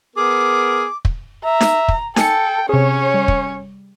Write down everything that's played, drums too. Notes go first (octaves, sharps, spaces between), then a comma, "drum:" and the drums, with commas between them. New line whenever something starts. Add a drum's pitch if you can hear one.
B3 G#4 A#4 D6
drum: kick
E5 A#5
drum: snare D#4
drum: kick
A4 G5 G#5 C#7, drum: snare D#4
C3 C#4 G#4 C#5
G3
drum: kick